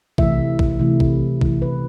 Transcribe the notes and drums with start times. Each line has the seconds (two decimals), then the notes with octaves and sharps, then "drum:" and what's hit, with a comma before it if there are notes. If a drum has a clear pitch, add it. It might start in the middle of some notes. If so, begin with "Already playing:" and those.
0.18 C3 E3 A3 E4 E5, drum: kick
0.59 drum: kick
0.79 C3 E3 A3 E4
1.00 drum: kick
1.41 C3 E3 A3 E4, drum: kick
1.62 B4